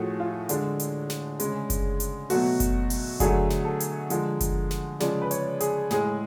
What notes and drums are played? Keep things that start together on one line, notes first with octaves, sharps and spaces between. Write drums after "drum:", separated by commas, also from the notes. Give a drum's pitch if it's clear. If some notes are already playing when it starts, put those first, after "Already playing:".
Already playing: A2 F3 A3 F#4 G#4
F4
D3 G#3 D4, drum: hi-hat
drum: hi-hat
drum: snare
C#3 G#3, drum: hi-hat
drum: kick F#1, hi-hat
drum: hi-hat
B2 F#3 A3 F#4, drum: open hi-hat
drum: kick F#1, hi-hat
drum: open hi-hat
D3 F#3 A3 G#4, drum: kick F#1, hi-hat
drum: snare
A4
drum: hi-hat
D3 F3 G#3, drum: hi-hat
drum: kick F#1, hi-hat
drum: snare
C#3 F3 G#3 D5, drum: snare
B4
C#5, drum: hi-hat
G#4, drum: hi-hat
A2 G#3 G#4, drum: snare